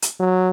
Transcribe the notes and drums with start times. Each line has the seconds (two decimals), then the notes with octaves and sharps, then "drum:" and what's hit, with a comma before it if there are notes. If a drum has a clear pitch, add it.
0.02 drum: hi-hat
0.20 F#3